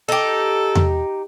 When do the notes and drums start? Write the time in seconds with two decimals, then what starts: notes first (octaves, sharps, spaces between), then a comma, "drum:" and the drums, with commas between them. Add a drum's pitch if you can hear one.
0.09 D#4 G4 A4
0.75 drum: tom E2